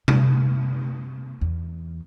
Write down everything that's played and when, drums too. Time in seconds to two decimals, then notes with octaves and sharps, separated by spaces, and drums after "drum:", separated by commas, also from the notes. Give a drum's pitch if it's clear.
0.08 C3, drum: tom C3
1.41 E2